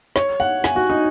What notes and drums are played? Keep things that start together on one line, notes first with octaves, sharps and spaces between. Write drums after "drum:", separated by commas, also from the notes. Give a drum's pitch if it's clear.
C#5, drum: snare
F#5
G#5, drum: snare
F#4
D#4